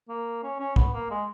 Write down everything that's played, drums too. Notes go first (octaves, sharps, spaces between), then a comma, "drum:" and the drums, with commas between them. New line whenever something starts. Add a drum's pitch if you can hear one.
A#3
C#4
C#4
B3, drum: kick
A#3
G#3